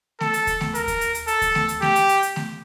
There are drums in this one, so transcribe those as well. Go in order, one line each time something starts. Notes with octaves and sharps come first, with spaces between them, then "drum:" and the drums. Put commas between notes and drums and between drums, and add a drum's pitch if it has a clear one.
A4, drum: snare A3
drum: hi-hat
drum: kick D#2, hi-hat
drum: snare A3
A#4, drum: hi-hat
drum: kick D#2, hi-hat
drum: hi-hat
drum: hi-hat
A4, drum: hi-hat
drum: kick D#2, hi-hat
drum: snare A3
drum: hi-hat
G4, drum: snare A3
drum: hi-hat
drum: hi-hat
drum: hi-hat
drum: snare A3